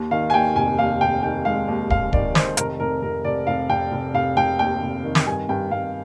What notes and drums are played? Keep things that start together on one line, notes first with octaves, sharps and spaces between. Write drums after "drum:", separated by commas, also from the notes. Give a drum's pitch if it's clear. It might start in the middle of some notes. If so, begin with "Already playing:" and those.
Already playing: D#2
D#3 F5
G#5
D#2 G5
F1 G#5
D#2 F5
F1 G5
D#3 G5
G#3 F5
D#2
D#2 F5, drum: kick
D#3 D5, drum: kick
D#3 C5, drum: snare
F1 A#4, drum: hi-hat
F1 A#4
F1 A#4
F1 D5
F1 F5
F1 G5
F1
F1 F5
F1 G5
D#2 G5
F1
D#3
drum: snare
G2 G#5
G2 G5
G2 F5